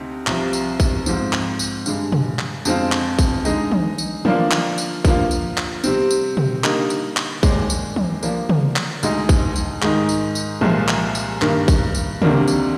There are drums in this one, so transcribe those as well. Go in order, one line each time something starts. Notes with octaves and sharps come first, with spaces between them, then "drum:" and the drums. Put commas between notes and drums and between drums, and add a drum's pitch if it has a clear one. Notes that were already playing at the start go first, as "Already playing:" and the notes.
Already playing: D2 C3 C4 D#4
C2 C3 F3, drum: clap
drum: tambourine
drum: kick, tambourine
G#2 F3 C4, drum: tambourine
drum: clap
drum: tambourine
G2 D3 G#3, drum: tambourine
drum: tom
drum: clap
F2 D3 G#3 C4 F4, drum: tambourine
drum: clap
drum: kick, tambourine
D3 G#3 D#4, drum: tambourine
drum: tom
drum: tambourine
D3 F3 A#3 D4 F4, drum: tom
drum: clap
drum: tambourine
D3 F3 A#3 F4, drum: kick, tambourine
drum: tambourine
drum: clap
C3 G3 C4, drum: tambourine
drum: tambourine
drum: tom
D3 G3 A#3 D#4, drum: clap
drum: tambourine
drum: clap
D#2 D3 G#3 D4, drum: kick, tambourine
drum: tambourine
drum: tom
D3 F3 A#3 D4, drum: tambourine
drum: tom
drum: clap
D2 D3 G#3 D#4, drum: tambourine
drum: kick, tambourine
drum: tambourine
G#2 D#3 G#3 D#4, drum: clap
drum: tambourine
drum: tambourine
C2 A#2 F3 G#3, drum: tom
drum: clap
drum: tambourine
G2 D#3 A#3, drum: clap
drum: kick, tambourine
drum: tambourine
D2 C3 D#3 A#3 D4, drum: tom
drum: tambourine